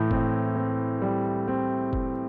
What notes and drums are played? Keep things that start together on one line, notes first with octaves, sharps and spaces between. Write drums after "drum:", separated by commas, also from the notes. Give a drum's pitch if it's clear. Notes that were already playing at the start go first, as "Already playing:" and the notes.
Already playing: A2 E3
C4, drum: kick F1
C4
G3
C4
drum: kick F1